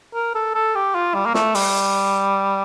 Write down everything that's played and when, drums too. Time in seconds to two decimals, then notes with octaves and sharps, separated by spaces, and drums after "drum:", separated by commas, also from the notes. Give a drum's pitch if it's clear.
0.14 A#4
0.35 A4
0.55 A4
0.75 G4
0.95 F4
1.14 G3
1.26 A#3
1.34 A3, drum: snare
1.55 G3, drum: open hi-hat